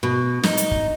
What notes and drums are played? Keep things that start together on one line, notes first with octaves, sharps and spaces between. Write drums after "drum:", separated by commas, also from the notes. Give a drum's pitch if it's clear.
B2
D#4, drum: snare
drum: hi-hat
drum: kick